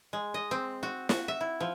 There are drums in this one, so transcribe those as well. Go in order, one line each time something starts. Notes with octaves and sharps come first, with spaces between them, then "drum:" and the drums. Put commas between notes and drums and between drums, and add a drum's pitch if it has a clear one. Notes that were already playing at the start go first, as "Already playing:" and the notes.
G#3
D#5
C4
F#4
F#4, drum: snare
E5
E4
F3